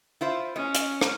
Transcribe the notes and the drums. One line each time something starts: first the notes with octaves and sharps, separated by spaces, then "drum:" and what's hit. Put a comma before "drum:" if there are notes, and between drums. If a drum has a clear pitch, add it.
E4 F4 C5
C#4 D#5
drum: hi-hat
drum: rim click